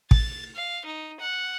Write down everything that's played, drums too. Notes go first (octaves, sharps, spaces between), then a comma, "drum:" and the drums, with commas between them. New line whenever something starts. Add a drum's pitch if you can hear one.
A6, drum: kick
F5
D#4
F#5